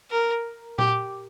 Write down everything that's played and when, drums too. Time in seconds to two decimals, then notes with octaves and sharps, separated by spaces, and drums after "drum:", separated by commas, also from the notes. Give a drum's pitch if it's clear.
0.11 A#4
0.79 G4, drum: tom A#2